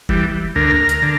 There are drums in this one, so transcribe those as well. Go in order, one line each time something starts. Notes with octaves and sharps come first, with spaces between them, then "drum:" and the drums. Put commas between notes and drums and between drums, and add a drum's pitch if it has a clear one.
E3 G3, drum: kick F1
D2 A#4
drum: hi-hat
D3